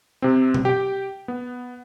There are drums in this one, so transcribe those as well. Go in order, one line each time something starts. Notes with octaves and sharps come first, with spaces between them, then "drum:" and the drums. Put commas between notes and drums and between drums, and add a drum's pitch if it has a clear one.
C3 C4
drum: tom B2
G4 G5
B3